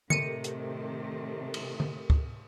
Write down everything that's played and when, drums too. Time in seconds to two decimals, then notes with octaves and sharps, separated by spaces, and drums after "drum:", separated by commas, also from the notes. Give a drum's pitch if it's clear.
0.10 A2 C3 D#3 G4 A4 A#4 C#7 D#7, drum: tom D3
0.44 drum: hi-hat
1.54 drum: cymbal
1.80 drum: tom D3
2.10 drum: kick